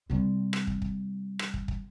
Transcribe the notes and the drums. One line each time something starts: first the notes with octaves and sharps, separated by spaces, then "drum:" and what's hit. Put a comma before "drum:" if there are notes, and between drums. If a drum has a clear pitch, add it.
C3 G3
drum: rim click
drum: kick
drum: kick
drum: rim click
drum: kick
drum: kick